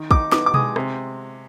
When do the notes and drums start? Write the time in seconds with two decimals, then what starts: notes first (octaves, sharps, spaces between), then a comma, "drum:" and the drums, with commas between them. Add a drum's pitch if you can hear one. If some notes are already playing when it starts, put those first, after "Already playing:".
Already playing: D#3
0.11 D#4 D6, drum: kick
0.32 B3 D6, drum: snare
0.46 D6
0.54 G#3 D#6, drum: tom B2
0.76 C3, drum: rim click